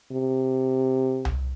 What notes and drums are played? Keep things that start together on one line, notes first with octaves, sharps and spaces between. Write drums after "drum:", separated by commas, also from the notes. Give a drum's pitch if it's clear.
C3
drum: tom C2